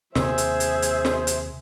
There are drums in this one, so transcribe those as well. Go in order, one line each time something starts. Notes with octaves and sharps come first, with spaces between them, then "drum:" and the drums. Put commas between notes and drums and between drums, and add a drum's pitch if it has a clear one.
D#2 C3 A#3 G#4 C5 E5 E6, drum: snare
drum: hi-hat
drum: hi-hat
drum: hi-hat
drum: snare
drum: hi-hat